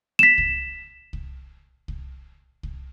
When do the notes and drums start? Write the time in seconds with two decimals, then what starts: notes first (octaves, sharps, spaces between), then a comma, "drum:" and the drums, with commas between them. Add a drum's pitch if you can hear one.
0.19 B6 E7
0.38 drum: kick C2
1.13 drum: kick C2
1.88 drum: kick C2
2.63 drum: kick C2